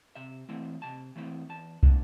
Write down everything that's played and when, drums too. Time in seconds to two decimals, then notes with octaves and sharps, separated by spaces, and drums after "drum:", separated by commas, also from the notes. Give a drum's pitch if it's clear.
0.15 C3 E5
0.49 E3 A3 C4 E4
0.82 C3 A5
1.16 E3 A3 C4 E4
1.49 E2 A5
1.83 B2 A3 D4, drum: kick